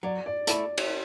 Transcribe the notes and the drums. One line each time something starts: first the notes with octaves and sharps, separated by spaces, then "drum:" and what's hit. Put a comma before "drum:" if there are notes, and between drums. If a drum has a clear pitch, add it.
F#3 D5
D5
A3 E4 A4 D5, drum: hi-hat
drum: cymbal